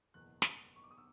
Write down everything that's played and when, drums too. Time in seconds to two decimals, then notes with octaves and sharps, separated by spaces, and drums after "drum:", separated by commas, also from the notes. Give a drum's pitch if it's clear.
0.14 F#1 E2 B2 F#6
0.42 drum: snare
0.76 C#6
0.83 D6
0.91 D#6
0.97 E6